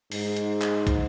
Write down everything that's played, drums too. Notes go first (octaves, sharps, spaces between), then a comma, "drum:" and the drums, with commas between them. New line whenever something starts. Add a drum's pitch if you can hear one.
G#2, drum: open hi-hat
drum: hi-hat
drum: clap
drum: kick, hi-hat